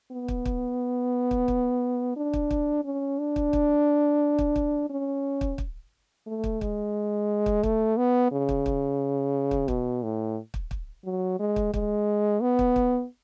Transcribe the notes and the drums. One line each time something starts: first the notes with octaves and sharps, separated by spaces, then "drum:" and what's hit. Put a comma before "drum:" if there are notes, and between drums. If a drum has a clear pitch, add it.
B3
drum: kick
drum: kick
drum: kick
drum: kick
D4
drum: kick
drum: kick
C#4
D4
drum: kick
drum: kick
drum: kick
drum: kick
C#4
drum: kick
drum: kick
A3
drum: kick
G#3, drum: kick
drum: kick
A3, drum: kick
B3
C#3
drum: kick
drum: kick
drum: kick
B2, drum: kick
A2
drum: kick
drum: kick
F#3
G#3
drum: kick
G#3, drum: kick
B3
drum: kick
drum: kick